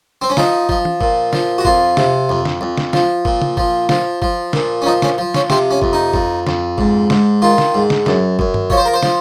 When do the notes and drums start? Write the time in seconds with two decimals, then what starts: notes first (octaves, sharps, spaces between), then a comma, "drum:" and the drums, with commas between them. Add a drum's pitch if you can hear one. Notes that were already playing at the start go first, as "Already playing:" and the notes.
0.22 C4
0.30 C#4
0.37 F3 D#4, drum: snare
0.69 F3, drum: kick G1
0.85 drum: tom E3
1.01 A#2, drum: kick G1
1.33 F3, drum: snare
1.58 F#4
1.65 F2 F4, drum: kick G1
1.97 C3, drum: snare
2.29 F2
2.45 drum: snare
2.61 F2
2.77 drum: snare
2.93 F3, drum: snare
3.25 A#2, drum: kick G1
3.42 drum: tom C#3
3.57 F3, drum: kick G1
3.89 F3, drum: snare
4.22 F3, drum: kick G1
4.53 A#2, drum: snare
4.82 C#4
4.86 F3 D#4
5.02 C#4, drum: snare
5.18 F3
5.34 C#4, drum: snare
5.50 C3 C4, drum: snare
5.71 C#4
5.82 F2, drum: kick G1
5.93 D#4
6.13 F2, drum: kick G1
6.47 F2, drum: snare
6.78 G#2, drum: kick G1
7.10 G#2, drum: snare
7.42 D#3 F4
7.58 drum: snare
7.74 G#2
7.90 drum: snare
8.06 F#2, drum: snare
8.39 F#2, drum: kick G1
8.54 drum: tom G2
8.70 F3 C#5, drum: kick G1
8.77 C5
8.85 A#4
8.94 C5
9.03 F3, drum: snare